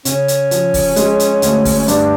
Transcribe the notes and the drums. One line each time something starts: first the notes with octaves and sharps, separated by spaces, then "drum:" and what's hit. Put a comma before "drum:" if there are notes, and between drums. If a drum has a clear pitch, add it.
C#3 C#4, drum: hi-hat
drum: hi-hat
F3, drum: hi-hat
drum: kick, open hi-hat
G#3, drum: hi-hat
drum: hi-hat
D2, drum: hi-hat
drum: kick, open hi-hat
C#4
G2 D4, drum: hi-hat